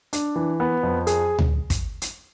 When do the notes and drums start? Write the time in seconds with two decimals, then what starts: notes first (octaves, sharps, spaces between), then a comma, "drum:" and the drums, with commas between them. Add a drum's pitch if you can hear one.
0.13 D4, drum: hi-hat
0.36 E3
0.60 B3
0.83 F2
1.07 G#4, drum: hi-hat
1.39 drum: tom D2
1.70 drum: kick, hi-hat
2.02 drum: hi-hat